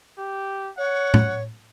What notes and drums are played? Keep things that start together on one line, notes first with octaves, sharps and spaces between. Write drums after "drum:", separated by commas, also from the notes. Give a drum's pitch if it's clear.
G4
C#5 F#5
drum: tom A2